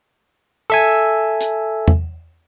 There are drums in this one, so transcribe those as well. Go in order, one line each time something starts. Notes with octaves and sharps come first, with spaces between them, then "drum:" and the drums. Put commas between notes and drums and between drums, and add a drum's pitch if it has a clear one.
A4 E5 G#5
drum: hi-hat
drum: tom E2